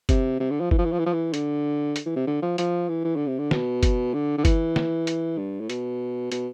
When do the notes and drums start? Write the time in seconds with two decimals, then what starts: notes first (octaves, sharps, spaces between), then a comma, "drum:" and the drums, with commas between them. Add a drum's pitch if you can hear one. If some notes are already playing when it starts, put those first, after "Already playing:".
0.09 C3, drum: kick F#1, hi-hat
0.40 C3
0.51 D3
0.61 F3
0.71 E3, drum: kick F#1
0.78 F3
0.85 E3
0.92 F3
0.99 E3
1.06 F3
1.13 E3
1.34 D3, drum: hi-hat
1.96 drum: hi-hat
2.06 E3
2.16 C3
2.27 D3
2.42 F3
2.58 F3, drum: hi-hat
2.89 E3
3.05 E3
3.16 D3
3.27 C3
3.39 D3
3.51 B2, drum: snare
3.83 drum: kick F#1, hi-hat
4.14 D3
4.38 D3
4.45 E3, drum: kick F#1, hi-hat
4.76 drum: snare
5.07 drum: hi-hat
5.38 G2
5.61 A2
5.70 B2, drum: hi-hat
6.32 B2, drum: hi-hat